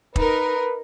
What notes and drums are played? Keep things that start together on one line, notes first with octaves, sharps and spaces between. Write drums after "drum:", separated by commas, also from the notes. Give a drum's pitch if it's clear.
D#4 A#4 B4, drum: kick